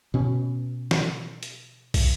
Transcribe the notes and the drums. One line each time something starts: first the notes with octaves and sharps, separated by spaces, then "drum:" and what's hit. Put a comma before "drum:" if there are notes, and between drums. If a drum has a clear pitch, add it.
B2 C#4
drum: snare
drum: hi-hat
drum: kick, open hi-hat